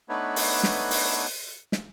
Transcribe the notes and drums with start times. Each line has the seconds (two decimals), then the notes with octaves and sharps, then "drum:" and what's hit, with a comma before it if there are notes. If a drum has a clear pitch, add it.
0.09 A3 B3 D4 D#4 B4 C#5
0.36 drum: open hi-hat
0.63 drum: snare
0.91 drum: open hi-hat
1.72 drum: snare